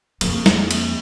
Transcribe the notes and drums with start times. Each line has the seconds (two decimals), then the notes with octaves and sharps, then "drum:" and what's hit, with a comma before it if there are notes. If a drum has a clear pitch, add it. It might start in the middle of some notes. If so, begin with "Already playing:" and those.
0.21 F2 A#3, drum: cymbal
0.46 drum: snare
0.71 drum: cymbal